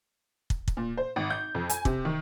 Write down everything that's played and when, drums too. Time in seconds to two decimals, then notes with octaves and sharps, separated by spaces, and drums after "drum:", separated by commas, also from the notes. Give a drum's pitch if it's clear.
0.50 drum: kick
0.68 drum: kick
0.77 A#2
0.97 C5
1.16 G#1
1.30 G6
1.55 F2
1.69 G#5, drum: hi-hat
1.85 C3, drum: kick
2.05 D#3